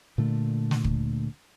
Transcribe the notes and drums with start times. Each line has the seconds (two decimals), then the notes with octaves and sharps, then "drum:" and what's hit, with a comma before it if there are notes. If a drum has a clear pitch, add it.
0.18 A#2 D3 A3
0.71 drum: snare
0.84 drum: kick